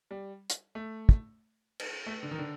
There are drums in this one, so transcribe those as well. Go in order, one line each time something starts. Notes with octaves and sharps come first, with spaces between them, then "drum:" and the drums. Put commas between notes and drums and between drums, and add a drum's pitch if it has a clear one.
G3
drum: hi-hat
A3
drum: kick
drum: cymbal
A3
D3
D#3
D3